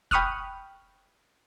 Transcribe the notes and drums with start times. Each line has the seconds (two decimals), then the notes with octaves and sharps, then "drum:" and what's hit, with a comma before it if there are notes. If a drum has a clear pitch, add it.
0.11 G5 B5 C#6 D#6 F6 F#6, drum: kick